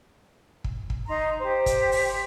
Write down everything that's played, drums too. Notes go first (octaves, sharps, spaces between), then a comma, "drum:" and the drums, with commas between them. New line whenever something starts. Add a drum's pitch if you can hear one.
drum: kick
drum: kick
D#4 A#5 C6
G4 C5
drum: kick, hi-hat
drum: open hi-hat